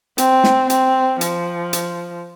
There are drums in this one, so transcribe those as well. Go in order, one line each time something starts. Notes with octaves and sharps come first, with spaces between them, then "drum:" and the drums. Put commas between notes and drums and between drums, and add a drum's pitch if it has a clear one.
C4, drum: hi-hat
drum: snare
C4, drum: hi-hat
F3, drum: hi-hat
drum: hi-hat